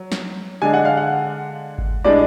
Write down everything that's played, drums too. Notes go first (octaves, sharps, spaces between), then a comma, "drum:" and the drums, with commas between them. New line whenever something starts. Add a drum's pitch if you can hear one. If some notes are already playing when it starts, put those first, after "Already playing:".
Already playing: F#3
drum: snare
D3 G#3 D4 G#5
F#5
F5
F#5
drum: kick G1
A2 G#3 D4 D5